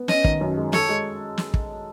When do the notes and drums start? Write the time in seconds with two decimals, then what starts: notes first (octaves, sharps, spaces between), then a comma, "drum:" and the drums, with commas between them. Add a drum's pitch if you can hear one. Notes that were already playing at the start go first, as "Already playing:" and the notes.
Already playing: B3
0.08 C#4 D#5, drum: snare
0.24 D#3, drum: kick
0.41 F#2
0.57 G#3
0.73 A4 C#5, drum: snare
0.89 G#3
1.38 drum: snare
1.54 drum: kick